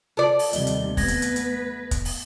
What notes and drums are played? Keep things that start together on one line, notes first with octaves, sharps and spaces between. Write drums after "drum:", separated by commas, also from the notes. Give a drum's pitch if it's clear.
F4 A4 D5
drum: open hi-hat
D#2 C3 G3 D#5 G7, drum: hi-hat
drum: hi-hat
A3 B3 B4 G#6 A#6, drum: kick, open hi-hat
drum: hi-hat
drum: hi-hat
drum: hi-hat
drum: kick, hi-hat
drum: open hi-hat